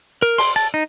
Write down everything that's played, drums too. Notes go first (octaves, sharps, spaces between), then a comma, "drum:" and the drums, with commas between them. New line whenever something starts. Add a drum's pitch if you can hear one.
A#4
C6, drum: open hi-hat
A5
D#4